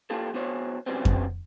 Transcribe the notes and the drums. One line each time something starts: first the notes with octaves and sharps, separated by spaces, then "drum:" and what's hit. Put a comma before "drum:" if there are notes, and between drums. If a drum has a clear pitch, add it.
A#3 D4 F4 G4 A4
B1 B3 D4 F#4 C5 C#5
C#3 E3 F#3 G3 B3 C4
drum: kick F2